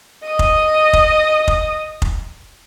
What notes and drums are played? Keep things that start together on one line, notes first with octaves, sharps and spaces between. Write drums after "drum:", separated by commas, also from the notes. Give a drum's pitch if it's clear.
D#5 D#6
drum: kick F1
drum: kick F1
drum: kick F1
drum: kick F1